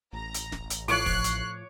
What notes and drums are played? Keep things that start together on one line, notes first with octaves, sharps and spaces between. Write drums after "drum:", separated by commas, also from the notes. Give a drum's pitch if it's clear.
A1 A#5
drum: hi-hat
drum: snare
drum: hi-hat
A2 F3 C#5 D6 F#6 C7, drum: open hi-hat
drum: kick, open hi-hat
drum: hi-hat